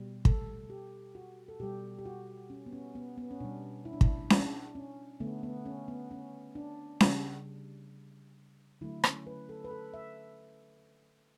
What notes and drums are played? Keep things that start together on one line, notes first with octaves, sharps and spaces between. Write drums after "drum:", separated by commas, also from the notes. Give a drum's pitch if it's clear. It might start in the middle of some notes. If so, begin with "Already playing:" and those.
Already playing: B2 G3
A4, drum: kick
G4
F#4
A4
B2 G3 G4
G4
F#4
C#4
B3
C#4
B3
B3
C#4
B2 G3 D4
E4
D4
E4, drum: kick
D4, drum: snare C#4
C#4
D3 A3 B3
B3
C#4
B3
C#4
D4
C#3 G3, drum: snare C#4
D3 F#3 A3 E4
C#4, drum: rim click
B4
A4
B4
A4
E5